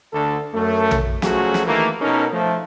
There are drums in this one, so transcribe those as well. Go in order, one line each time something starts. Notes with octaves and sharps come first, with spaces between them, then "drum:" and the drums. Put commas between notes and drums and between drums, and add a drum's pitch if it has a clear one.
D2 A4
F#2 A3
drum: tom A#1
F3 F#3 A3 C#4 F#4 G#4, drum: snare
drum: snare
D#3 E3 A3 A#3
B2 C#4 D#4 A4 A#4
F3 A3